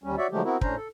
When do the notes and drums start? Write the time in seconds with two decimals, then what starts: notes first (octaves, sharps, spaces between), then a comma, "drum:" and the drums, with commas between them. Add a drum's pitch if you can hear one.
0.04 D#2 G3 C#4
0.18 F#4 C#5 D5 E5
0.31 D3 F3 F#3 G#3 A3 G4
0.44 B3 C4 E4 F#4 A#4
0.61 A2 C#4 D4 C5 A#5, drum: kick
0.76 A4